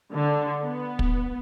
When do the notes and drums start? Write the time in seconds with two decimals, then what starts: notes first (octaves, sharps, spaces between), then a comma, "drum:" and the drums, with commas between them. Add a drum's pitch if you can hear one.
0.14 D3
0.63 B3
0.99 drum: kick